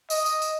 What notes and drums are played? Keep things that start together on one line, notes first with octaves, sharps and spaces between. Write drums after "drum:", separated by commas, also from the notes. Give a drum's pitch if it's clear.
D#5, drum: tambourine
drum: tambourine
drum: tambourine